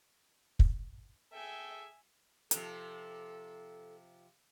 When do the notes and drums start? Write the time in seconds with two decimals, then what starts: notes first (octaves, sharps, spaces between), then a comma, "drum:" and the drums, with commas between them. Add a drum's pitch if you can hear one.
0.59 drum: kick
1.33 G#4 A4 E5 G5 G#5
2.51 C3 F3 A4, drum: hi-hat